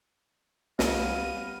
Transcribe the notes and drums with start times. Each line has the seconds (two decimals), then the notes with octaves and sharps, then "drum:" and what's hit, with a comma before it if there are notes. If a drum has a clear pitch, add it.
0.79 C2 G3 B3 F5 A#6 D#7, drum: snare